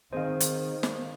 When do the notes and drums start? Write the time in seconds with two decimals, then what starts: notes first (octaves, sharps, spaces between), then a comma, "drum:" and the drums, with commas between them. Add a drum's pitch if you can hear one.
0.13 D#3 C4 G#4 C5 D#5 F5
0.40 drum: hi-hat
0.83 drum: snare